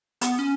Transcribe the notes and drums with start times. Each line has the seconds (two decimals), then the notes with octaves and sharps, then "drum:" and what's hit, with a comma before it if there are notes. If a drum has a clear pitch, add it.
0.21 B3, drum: hi-hat
0.39 C#4